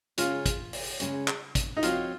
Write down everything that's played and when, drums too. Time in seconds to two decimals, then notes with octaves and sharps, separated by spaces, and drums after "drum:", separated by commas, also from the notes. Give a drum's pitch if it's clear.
0.18 C#3 G#3 C#4 F4 G#4 C#5, drum: hi-hat
0.46 drum: kick, hi-hat
0.73 drum: open hi-hat
1.00 C#3 G#3 C#4 G#4 C#5, drum: hi-hat
1.28 drum: clap
1.55 drum: kick, hi-hat
1.77 D#4
1.83 F3 C4 F4 F#4 C#5, drum: hi-hat